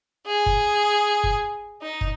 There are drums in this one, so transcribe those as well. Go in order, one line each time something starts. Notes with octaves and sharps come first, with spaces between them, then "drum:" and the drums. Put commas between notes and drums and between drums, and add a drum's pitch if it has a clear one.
G#4
drum: kick
drum: kick
D#4
drum: kick